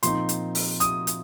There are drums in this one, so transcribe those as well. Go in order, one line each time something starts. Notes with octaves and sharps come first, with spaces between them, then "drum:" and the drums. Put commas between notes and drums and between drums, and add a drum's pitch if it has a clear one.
A#2 F3 C4 D#4 C6, drum: hi-hat
drum: hi-hat
drum: open hi-hat
D#6, drum: hi-hat
drum: hi-hat